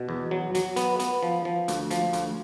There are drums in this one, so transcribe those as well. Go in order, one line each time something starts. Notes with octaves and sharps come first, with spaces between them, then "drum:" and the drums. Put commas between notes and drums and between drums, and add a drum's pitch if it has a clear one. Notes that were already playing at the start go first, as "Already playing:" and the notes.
Already playing: B2
E2
F#3
F#3, drum: hi-hat
B3, drum: hi-hat
B3, drum: hi-hat
F3
F3
D2, drum: hi-hat
F3, drum: hi-hat
D2, drum: hi-hat